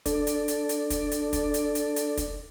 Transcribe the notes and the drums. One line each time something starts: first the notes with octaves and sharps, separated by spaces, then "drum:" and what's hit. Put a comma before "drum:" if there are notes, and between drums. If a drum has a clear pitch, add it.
D4 A4 D5, drum: kick, hi-hat
drum: hi-hat
drum: hi-hat
drum: hi-hat
drum: kick, hi-hat
drum: hi-hat
drum: kick, hi-hat
drum: hi-hat
drum: hi-hat
drum: hi-hat
drum: kick, hi-hat